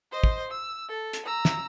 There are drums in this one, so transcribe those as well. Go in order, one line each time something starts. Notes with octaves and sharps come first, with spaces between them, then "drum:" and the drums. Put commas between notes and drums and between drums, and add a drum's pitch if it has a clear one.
C5 D#5
drum: kick
E6
A4
drum: hi-hat
A#5 E6
drum: snare